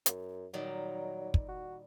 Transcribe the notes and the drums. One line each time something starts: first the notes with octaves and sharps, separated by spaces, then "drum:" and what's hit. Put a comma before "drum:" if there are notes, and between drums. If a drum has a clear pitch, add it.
F#2, drum: hi-hat
A#2 D#3 F#3 G3
drum: kick
F#4